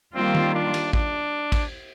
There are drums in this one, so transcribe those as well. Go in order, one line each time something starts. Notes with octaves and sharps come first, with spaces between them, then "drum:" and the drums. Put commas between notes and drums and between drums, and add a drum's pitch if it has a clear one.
D#3 G3 A#3 C4 F4
drum: tom
D4
drum: cymbal
D4, drum: kick A1
drum: kick A1, cymbal